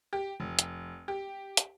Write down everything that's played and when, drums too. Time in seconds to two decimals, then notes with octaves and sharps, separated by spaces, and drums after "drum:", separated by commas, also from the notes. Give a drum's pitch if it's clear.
0.13 G4
0.40 F1
0.59 drum: hi-hat
1.08 G4
1.57 drum: hi-hat